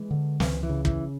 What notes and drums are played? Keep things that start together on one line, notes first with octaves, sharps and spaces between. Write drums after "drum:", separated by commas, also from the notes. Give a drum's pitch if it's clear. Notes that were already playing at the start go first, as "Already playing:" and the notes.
Already playing: E3 G#3
D3
C#2 E3, drum: snare
E3
C#3
E3, drum: kick